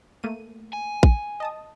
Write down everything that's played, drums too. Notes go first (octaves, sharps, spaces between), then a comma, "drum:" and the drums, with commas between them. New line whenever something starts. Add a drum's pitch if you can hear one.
A3 A#3 D#7
G#5
drum: kick
D#5 A5 D#6